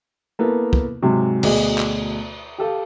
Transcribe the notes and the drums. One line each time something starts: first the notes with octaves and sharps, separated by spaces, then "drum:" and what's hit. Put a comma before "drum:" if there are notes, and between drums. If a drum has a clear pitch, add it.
A#3 B3 E4 A4 A#4
drum: kick
G#2 C3 F#3
D2 B2 G#4 D#5, drum: cymbal
drum: clap
G4 A4 F5